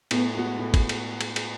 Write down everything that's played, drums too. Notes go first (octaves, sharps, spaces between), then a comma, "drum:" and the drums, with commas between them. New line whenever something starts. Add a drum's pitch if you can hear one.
A2 B3, drum: cymbal
G#3 B3 F#4
A2
drum: kick, cymbal
drum: cymbal
drum: cymbal
drum: cymbal